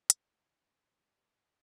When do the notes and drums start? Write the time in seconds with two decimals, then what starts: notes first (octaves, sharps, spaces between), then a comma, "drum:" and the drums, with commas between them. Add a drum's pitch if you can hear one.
0.10 drum: hi-hat
0.21 G4
0.85 C#3 G3 A#3 F4
1.19 E3 G#5 A5